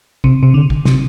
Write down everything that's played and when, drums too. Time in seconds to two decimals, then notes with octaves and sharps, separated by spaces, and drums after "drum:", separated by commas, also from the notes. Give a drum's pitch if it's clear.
0.24 C3, drum: kick
0.43 C3
0.54 D3
0.70 drum: kick
0.85 C3, drum: snare